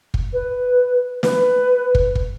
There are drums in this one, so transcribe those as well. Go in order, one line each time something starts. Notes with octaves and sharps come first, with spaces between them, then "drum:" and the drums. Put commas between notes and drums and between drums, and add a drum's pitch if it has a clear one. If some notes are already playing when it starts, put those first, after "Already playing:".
drum: kick
B4
B4, drum: snare
drum: kick
drum: kick